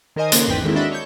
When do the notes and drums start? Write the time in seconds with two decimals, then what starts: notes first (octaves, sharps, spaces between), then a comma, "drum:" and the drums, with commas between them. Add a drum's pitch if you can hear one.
0.16 D#3 A#4 C5 D#5 G#5
0.32 C#3 A#3 C6 F#6, drum: hi-hat
0.47 G#1 E2 B4 G5 B6
0.64 D#3 G#3 A#3 C4 E4
0.76 D4 F#4 D#5 E5 A5 B5
0.92 C#5 C#6 G6